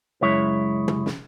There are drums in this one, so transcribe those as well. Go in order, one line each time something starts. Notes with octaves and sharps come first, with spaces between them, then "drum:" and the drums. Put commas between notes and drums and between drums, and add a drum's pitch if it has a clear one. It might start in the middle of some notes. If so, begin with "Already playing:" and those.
C#2 F#2 G#3 E4 C#5
drum: tom
drum: snare